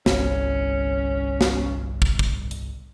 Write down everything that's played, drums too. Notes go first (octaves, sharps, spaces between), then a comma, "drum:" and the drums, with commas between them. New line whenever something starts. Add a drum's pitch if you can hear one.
G1 C2 C#4, drum: snare
drum: snare
drum: kick
drum: kick
drum: hi-hat